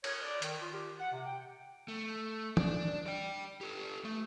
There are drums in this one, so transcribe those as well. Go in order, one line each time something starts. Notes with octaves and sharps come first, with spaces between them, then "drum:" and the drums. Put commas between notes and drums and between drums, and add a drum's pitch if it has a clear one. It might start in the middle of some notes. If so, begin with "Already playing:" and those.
C#5, drum: cymbal
D5
D#3, drum: hi-hat
F4
G4
F#5
C3
G5
A3
D4, drum: tom
D5 G5
G4 A4
A3